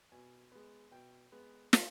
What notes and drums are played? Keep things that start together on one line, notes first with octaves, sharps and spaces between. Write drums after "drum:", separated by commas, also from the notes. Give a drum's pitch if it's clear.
B2 G#5
G#3 B3
B2 G5
G#3 B3
G#5, drum: snare